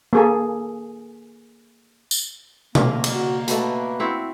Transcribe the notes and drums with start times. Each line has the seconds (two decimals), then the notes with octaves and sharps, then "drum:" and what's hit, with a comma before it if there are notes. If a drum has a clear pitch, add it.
0.13 A#3 G#4 A4
2.11 drum: tambourine
2.75 A#3, drum: tom B2
3.04 drum: cymbal
3.13 F#4
3.48 B2 A3 B4, drum: hi-hat
4.00 C4 E4 F#4